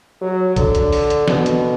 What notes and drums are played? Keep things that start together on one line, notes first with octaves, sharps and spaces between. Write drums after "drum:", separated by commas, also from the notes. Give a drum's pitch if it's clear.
F#3
D3, drum: kick A#1, hi-hat
drum: hi-hat
drum: open hi-hat
drum: hi-hat
B2, drum: snare
drum: hi-hat